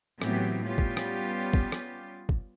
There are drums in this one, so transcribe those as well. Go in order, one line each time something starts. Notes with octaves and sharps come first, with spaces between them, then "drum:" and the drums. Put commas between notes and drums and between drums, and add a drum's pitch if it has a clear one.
A2 E3 F#3 B3 C4 G4, drum: rim click
G3 B3 C#4 F4 G4
drum: kick
drum: rim click
drum: kick
drum: rim click
drum: kick